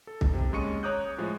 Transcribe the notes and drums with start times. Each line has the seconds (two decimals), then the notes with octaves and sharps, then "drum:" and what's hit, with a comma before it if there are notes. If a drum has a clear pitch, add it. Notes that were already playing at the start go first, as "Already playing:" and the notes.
0.07 A4
0.21 drum: kick C2
0.33 C3
0.53 D#2 G#3 C#4 C#6 C#7 D#7
0.83 C#5 A#5 D6 D#6 F#6 G6
1.18 A2 F3 G#3